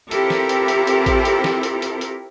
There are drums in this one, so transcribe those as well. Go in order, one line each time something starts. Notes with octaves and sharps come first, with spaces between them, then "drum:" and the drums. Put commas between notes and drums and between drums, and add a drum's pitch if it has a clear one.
C4 E4 F4 G4 A4 A#4, drum: hi-hat
drum: snare
drum: hi-hat
drum: hi-hat
drum: hi-hat
drum: kick A1, hi-hat
drum: hi-hat
drum: snare
drum: hi-hat
drum: hi-hat
drum: hi-hat